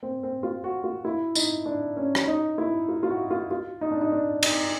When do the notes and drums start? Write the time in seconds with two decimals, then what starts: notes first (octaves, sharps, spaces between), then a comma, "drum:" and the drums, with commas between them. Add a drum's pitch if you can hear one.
0.03 C4
0.23 C4
0.43 F4
0.64 F#4
0.84 F4
1.05 E4
1.35 D#4, drum: tambourine
1.66 D4
1.97 C#4
2.15 drum: rim click
2.27 D#4
2.58 E4
2.88 F4
3.03 F4
3.10 F#4
3.31 F4
3.51 F4
3.81 D#4
3.91 D4
4.01 D#4
4.12 D4
4.43 D#4, drum: cymbal